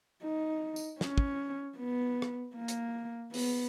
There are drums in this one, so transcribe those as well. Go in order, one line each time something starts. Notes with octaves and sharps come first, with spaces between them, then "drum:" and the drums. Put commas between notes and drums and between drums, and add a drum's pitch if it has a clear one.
D#4
drum: tambourine
C#4, drum: snare
drum: kick
B3
drum: rim click
A#3
drum: hi-hat
B3, drum: open hi-hat